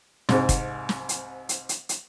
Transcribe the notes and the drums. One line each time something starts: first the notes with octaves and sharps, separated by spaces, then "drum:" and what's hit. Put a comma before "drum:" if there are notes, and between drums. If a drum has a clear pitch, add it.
C2 G#2, drum: snare
drum: kick, hi-hat
drum: snare
drum: hi-hat
drum: hi-hat
drum: hi-hat
drum: hi-hat